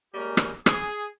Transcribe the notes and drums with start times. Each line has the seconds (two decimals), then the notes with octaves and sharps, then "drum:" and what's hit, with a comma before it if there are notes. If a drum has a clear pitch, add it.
0.14 G3 G#3 A#3 C#4 G4 A#4
0.37 drum: rim click
0.66 G#4, drum: rim click